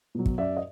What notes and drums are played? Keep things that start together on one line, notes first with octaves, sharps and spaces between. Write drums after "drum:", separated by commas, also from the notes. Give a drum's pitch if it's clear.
B2 F#3
drum: kick
F#2 D5 E5
D#5